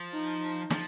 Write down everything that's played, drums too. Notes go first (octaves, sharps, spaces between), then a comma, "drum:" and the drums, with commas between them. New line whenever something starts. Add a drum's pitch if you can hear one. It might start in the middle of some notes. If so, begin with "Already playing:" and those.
Already playing: F3
D#4
F3, drum: snare